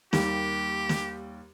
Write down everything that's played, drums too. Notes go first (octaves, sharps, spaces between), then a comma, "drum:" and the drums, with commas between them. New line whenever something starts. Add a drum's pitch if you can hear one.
D#2 G3 A#3 G4, drum: snare
drum: snare